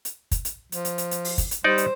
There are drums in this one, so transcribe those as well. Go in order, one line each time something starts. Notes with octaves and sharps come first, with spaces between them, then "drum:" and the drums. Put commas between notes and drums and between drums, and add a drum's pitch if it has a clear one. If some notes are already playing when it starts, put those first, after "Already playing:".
drum: hi-hat
drum: kick, hi-hat
drum: hi-hat
F3, drum: hi-hat
drum: hi-hat
drum: hi-hat
drum: hi-hat
drum: open hi-hat
drum: kick, hi-hat
drum: hi-hat
G3 D#4 C5 D5
drum: hi-hat